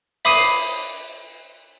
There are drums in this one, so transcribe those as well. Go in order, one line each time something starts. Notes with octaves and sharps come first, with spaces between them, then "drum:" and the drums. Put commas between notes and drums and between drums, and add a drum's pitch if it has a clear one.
E5 B5 D6 D#6 C7 D#7, drum: open hi-hat